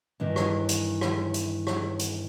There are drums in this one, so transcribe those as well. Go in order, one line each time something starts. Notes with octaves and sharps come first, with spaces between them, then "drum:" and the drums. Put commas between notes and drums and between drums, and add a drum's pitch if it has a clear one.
G2 D#3 E3
drum: rim click
drum: hi-hat
drum: rim click
drum: hi-hat
drum: rim click
drum: hi-hat